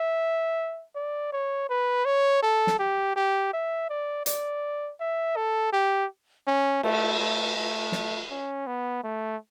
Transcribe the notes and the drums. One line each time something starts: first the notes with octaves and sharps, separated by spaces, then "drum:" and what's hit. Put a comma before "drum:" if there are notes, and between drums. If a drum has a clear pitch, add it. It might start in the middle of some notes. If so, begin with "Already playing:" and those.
Already playing: E5
D5
C#5
B4
C#5
A4
drum: snare
G4
G4
E5
D5
D5, drum: hi-hat
E5
A4
G4
C#4
A3, drum: cymbal
A3
A3
drum: snare
C#4
B3
A3